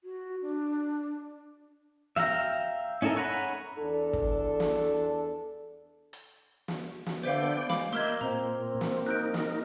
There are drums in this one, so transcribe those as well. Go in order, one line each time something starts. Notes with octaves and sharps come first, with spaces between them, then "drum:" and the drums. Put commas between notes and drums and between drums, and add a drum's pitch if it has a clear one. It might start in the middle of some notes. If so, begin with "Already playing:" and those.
F#4
D4
E5 F5 G5 A#5, drum: snare
C#4 D#4 E4 A4 A#4
C#5 F#5 G#5 A#5 B5
E2 D4 A4
drum: kick
drum: snare
drum: hi-hat
drum: snare
drum: snare
D3 B3 C5 D5 E5 F5 G5
G#3 F5 B5 D6, drum: snare
A#3 D#5 E5 C6 F6 G6 G#6
A#2 C4 A#5
drum: snare
D#4 A#4 F#6 G6 D7
drum: snare